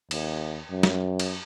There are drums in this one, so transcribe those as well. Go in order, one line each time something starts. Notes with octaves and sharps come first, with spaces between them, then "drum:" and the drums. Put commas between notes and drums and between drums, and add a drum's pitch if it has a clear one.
D#2, drum: cymbal
F#2
drum: snare
drum: cymbal